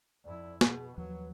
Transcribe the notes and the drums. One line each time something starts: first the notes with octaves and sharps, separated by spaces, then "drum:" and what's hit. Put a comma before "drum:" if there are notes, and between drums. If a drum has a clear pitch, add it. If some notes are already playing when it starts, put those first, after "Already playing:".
F2 E4 D5
B2 G#4, drum: snare
D#2 F3 F#3 B4